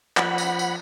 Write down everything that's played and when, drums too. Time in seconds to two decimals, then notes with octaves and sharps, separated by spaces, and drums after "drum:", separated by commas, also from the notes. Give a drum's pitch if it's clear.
0.17 F3 F#5 B5, drum: clap
0.38 drum: tambourine
0.59 drum: tambourine